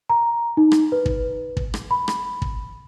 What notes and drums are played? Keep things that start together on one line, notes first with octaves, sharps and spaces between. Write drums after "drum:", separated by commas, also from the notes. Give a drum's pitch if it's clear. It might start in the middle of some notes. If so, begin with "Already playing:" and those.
A#5
D#4
drum: rim click
B4
drum: kick
drum: kick
drum: rim click
B5
drum: rim click
drum: kick